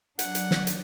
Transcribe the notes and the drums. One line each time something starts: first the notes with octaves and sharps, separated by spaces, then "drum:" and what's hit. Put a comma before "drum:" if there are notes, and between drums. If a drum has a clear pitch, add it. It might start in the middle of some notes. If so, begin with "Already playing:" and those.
F#3 D4 F#5, drum: hi-hat
drum: hi-hat
drum: snare
drum: hi-hat